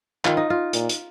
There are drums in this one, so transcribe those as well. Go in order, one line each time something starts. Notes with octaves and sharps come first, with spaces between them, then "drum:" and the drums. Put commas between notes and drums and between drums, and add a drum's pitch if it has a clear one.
D#3 F4, drum: clap
D#4
F4
A#2, drum: hi-hat
drum: hi-hat